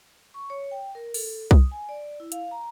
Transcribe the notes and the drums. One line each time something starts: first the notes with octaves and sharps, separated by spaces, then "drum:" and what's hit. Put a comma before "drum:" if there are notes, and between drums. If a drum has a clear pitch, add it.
C#6
C#5
G5
A#4
A4, drum: open hi-hat
D#6, drum: kick C2
G#5
D5
E4
F5, drum: hi-hat
A#5